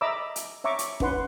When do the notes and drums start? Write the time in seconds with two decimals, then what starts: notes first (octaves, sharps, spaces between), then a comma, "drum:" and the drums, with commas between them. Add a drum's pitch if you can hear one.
0.01 D#5 E5 A#5 B5 D6 E6
0.36 drum: hi-hat
0.64 C#5 E5 A#5 C#6 D6
0.79 drum: hi-hat
1.00 C#4 D#4 B4 F#5 C6, drum: kick